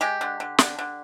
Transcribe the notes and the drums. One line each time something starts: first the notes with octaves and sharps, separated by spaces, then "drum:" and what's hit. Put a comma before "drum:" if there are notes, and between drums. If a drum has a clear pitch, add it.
G#3 G4
D3
D3
D3, drum: snare
D3